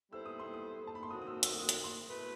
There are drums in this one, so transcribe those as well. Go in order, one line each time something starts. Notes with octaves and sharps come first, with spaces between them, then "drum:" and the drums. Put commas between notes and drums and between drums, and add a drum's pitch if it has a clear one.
G3 B3 E4 A4 C5 E6
D#6
C6
D#6
A5
B5
C6
F#2 D#3 A3 C4 F#4 D#6
D#6
E6
E6, drum: hi-hat
D#6
drum: hi-hat
C6
B2 A3 E4 B4